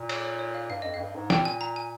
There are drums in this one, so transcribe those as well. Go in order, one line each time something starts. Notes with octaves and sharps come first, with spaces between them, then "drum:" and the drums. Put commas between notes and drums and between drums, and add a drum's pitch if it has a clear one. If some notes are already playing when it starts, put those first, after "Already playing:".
Already playing: A#2
C#5, drum: cymbal
C#5
C#5
F5
G2 F5
F2 D#5
F2 F5
G2
G#2
A#2 G5, drum: snare
G#5
A#5
G#5